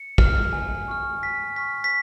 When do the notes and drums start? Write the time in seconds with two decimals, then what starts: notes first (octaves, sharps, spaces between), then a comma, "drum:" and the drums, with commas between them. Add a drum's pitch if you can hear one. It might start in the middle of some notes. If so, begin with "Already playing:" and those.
Already playing: C#7
0.18 F6, drum: kick
0.53 G#5
0.88 C#6 F6
1.22 G#5 B6
1.56 C#6 F6 B6
1.84 B6